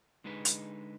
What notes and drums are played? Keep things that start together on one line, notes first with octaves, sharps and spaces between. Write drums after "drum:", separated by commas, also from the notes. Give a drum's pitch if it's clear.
D3 G#3 D#4 G#4 B4
drum: hi-hat